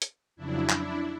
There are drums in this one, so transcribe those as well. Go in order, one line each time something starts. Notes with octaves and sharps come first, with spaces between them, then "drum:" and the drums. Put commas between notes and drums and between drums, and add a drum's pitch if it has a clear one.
drum: hi-hat
F2 C#3 F#3 D4 E4
D4 E4, drum: clap